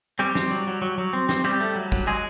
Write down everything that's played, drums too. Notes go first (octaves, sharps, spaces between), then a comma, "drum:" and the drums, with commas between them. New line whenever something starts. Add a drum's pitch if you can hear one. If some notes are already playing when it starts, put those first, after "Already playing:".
G3 C4 G4
C4, drum: snare
F#3
F#3
F#3
F#3
C4
C4, drum: snare
G3 C4 G4
A3
F#3
F#3, drum: kick
F#3 G#3 G#4